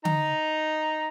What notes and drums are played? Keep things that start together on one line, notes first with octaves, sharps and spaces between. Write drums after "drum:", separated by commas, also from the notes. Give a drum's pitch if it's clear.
D#4 A#5, drum: tom D3